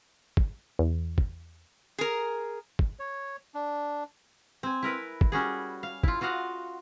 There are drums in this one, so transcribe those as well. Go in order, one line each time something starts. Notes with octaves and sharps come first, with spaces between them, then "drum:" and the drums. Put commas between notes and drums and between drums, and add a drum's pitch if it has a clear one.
drum: kick
E2
drum: kick
G#4 A#4
drum: kick
C#5
D4
C4 G#5
E4 A#4 B4
drum: kick
G3 C#4 F#4 G#4
F5
E4 F4, drum: kick
F4 F#4 D#5 F5 F#5